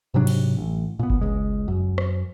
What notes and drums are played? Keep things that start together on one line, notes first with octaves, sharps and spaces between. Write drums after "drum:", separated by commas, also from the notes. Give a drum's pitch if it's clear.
G#2 C3 F#3 D4
drum: cymbal
A1
A#2 B3
drum: kick G1
C#2 G#3
F#2
drum: rim click